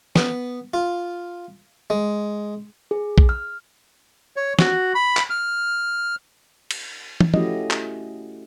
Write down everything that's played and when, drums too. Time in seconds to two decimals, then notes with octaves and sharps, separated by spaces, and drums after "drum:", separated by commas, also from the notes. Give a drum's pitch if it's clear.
0.16 B3, drum: snare
0.74 F4
1.90 G#3
2.91 G#4
3.18 drum: kick A#1
3.29 F6
4.36 C#5
4.59 F#4, drum: snare
4.95 B5
5.17 drum: clap
5.30 F6
6.71 drum: cymbal
7.21 drum: tom
7.34 A3 C#4 E4 F#4 G4 D#5, drum: tom
7.71 drum: clap